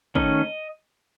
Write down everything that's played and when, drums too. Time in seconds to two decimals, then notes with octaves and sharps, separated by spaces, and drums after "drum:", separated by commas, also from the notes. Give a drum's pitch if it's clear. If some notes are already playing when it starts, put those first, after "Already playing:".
0.15 D#3 A3 C#4 D#5, drum: kick